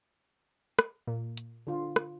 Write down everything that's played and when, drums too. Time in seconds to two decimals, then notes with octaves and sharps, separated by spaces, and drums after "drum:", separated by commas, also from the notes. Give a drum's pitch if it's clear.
0.79 drum: rim click
1.07 A#2
1.37 drum: hi-hat
1.67 D3 F4
1.96 drum: rim click